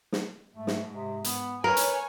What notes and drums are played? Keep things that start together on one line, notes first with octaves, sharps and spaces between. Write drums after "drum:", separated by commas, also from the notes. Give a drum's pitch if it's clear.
drum: snare
G#2 A3
drum: snare
C3
B3, drum: hi-hat
A#4 B4 C#5 G#5
drum: hi-hat